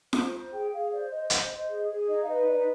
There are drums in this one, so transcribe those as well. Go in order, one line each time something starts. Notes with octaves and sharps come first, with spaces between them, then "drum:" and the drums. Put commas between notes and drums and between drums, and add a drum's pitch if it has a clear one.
C5, drum: snare F4
C5
G#4 G5
G#4 F5
C5 D5
C5 D#5
C5, drum: hi-hat
C5
G#4
G#4
D#4 D#5
F5
B4 D#5
D#4 D5